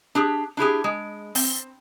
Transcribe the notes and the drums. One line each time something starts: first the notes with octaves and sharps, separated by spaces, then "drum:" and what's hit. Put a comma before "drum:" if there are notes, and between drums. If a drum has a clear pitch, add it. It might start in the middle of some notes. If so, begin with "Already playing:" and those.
D4 G4 G#4
D4 E4 G4 G#4
G#3
C4, drum: open hi-hat